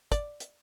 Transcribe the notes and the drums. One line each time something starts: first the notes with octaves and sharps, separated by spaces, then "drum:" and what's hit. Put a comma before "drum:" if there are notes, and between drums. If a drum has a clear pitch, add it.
D5, drum: kick, hi-hat
drum: hi-hat